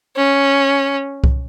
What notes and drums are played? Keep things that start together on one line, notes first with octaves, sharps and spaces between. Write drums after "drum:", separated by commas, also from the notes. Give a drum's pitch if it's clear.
C#4
drum: kick C2